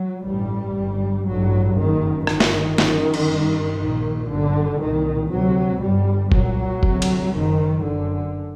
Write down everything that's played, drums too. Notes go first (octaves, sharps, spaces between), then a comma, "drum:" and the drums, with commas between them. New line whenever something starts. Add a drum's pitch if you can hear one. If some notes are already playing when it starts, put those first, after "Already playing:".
Already playing: F#3
A1 G2 G3
G1 G2
A1 G2 F#3
F#1 F#2 D#3
G1 G2 D#3, drum: rim click
drum: snare
F#1 F#2, drum: snare
drum: cymbal
G1 G2
A#1 A#2 D#3
G1 F#2 D3
C2 A#2 D#3
D2 C3 F#3
G1 G2 G3
C2 A#2 F#3, drum: kick F1
D2 C3, drum: kick F1
drum: cymbal
F#1 F#2 D#3
F#1 F#2 D3